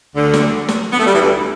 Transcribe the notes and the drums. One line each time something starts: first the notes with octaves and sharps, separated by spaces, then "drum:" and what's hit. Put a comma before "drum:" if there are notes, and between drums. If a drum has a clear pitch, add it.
D2 D3
drum: snare
drum: snare
B3
A3
G3
E3
D2 D3